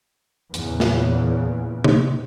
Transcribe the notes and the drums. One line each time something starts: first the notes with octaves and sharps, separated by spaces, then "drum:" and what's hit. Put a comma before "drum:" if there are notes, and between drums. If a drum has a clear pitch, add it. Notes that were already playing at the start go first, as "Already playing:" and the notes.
E2 A#2 C#3, drum: hi-hat
drum: snare
drum: tom C3